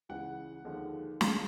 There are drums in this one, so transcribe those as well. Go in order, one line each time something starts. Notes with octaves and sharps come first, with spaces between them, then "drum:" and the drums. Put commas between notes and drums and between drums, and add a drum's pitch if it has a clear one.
C#2 C#3 E3 F#5
D#2 D3 F3 G#3
D3 F3 G#3 F5, drum: snare